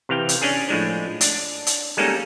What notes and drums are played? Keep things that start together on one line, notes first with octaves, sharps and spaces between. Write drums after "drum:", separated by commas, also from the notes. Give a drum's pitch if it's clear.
C3 E3 F5 G5
drum: hi-hat
C#4 D4 G#4
A2 F3 G#3 D4
D4, drum: hi-hat
drum: hi-hat
G3 G#3 A#3 C#4 D#4 A4